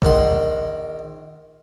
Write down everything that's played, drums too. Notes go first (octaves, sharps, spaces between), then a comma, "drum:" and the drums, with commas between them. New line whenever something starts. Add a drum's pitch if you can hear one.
A#1 D#3 F#5 C6, drum: kick